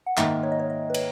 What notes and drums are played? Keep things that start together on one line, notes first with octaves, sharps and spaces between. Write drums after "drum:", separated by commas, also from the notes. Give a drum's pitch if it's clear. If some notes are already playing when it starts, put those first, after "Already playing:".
F#5
G#2 D#3 A#3 D#4 E5, drum: clap
C#5
D#5
C#5
D#5
B4
C#5, drum: cymbal